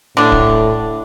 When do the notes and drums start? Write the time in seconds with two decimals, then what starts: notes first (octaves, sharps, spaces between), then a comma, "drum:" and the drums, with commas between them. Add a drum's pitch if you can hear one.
0.17 A2 D3 D4
0.32 drum: kick D1